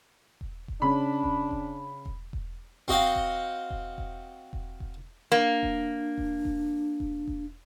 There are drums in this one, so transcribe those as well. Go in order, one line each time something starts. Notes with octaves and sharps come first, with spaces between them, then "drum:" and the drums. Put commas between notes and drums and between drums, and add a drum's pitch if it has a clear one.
drum: kick E1
drum: kick E1
C#3 C#4 D4 B5
drum: kick E1
drum: kick E1
drum: kick E1
drum: kick E1
C4 F#4 D#5 F5 G5, drum: kick E1
drum: kick E1
drum: kick E1
drum: kick E1
drum: kick E1
drum: kick E1
A#3 D4
drum: kick E1
drum: kick E1
drum: kick E1
drum: kick E1
drum: kick E1